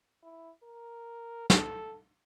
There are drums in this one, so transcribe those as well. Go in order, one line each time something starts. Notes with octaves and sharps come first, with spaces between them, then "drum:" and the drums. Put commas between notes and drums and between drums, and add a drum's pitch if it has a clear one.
E4
A#4
A4, drum: snare